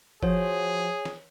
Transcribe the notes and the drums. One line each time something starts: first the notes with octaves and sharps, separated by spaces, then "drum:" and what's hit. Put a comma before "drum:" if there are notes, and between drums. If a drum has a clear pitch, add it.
F3 F#4 G#4 C5 C#5, drum: kick F#1
drum: snare